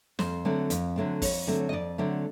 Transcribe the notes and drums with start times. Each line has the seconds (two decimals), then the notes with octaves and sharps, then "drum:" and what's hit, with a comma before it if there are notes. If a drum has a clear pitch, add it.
0.19 F2 C5, drum: snare
0.45 D3 F#3 A3 C4
0.70 F2, drum: hi-hat
0.96 D3 F#3 A3 C4
1.22 F2 C#5, drum: kick, open hi-hat
1.47 D3 F#3 A3 C4
1.69 D#5
1.73 F2 D5
1.98 D3 F#3 A3 C4